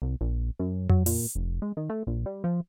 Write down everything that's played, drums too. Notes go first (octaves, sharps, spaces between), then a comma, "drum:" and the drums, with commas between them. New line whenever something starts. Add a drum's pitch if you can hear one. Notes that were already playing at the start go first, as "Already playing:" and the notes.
C2
A#1
F#2
F#3, drum: tom F2
A#2, drum: open hi-hat
F1
G#3
D#3
A3
A#1
G3
F3